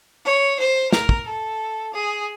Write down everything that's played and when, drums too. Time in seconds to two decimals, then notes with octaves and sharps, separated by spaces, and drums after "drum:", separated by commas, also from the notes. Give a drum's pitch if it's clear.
0.25 C#5
0.59 C5
0.93 A#4, drum: snare
1.09 drum: kick
1.26 A4
1.93 G#4